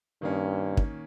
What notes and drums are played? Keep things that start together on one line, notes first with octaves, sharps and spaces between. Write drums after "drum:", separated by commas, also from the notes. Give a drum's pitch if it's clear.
G2 D#3 A#3 C#4
drum: kick